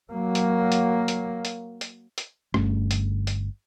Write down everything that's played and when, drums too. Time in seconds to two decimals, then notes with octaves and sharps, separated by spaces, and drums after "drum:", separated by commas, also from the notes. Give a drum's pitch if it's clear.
0.10 F#3 A#3
0.35 drum: hi-hat
0.72 drum: hi-hat
1.08 drum: hi-hat
1.45 drum: hi-hat
1.81 drum: hi-hat
2.18 drum: hi-hat
2.54 G1 G2 A3 C#4, drum: rim click
2.91 drum: hi-hat
3.27 drum: hi-hat